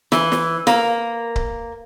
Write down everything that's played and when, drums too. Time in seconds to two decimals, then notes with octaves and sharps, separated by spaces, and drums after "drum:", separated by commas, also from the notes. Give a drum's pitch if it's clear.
0.12 E3, drum: snare
0.32 drum: snare
0.67 A#3, drum: snare
1.36 drum: kick C#1